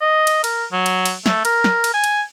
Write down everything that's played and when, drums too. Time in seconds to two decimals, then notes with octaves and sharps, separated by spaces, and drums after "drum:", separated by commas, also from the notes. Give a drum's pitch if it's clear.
0.01 D#5
0.27 drum: cymbal
0.44 A#4, drum: cymbal
0.72 F#3
0.86 drum: cymbal
1.05 drum: cymbal
1.26 A3, drum: snare
1.45 A#4, drum: cymbal
1.64 drum: snare
1.84 drum: cymbal
1.94 G#5
2.04 drum: cymbal